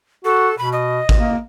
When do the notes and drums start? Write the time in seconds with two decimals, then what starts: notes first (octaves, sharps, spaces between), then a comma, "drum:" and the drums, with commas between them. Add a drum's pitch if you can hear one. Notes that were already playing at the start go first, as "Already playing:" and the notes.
0.25 F#4 A4
0.58 B2 B5
0.73 D#5
1.09 drum: kick G#1
1.18 A#3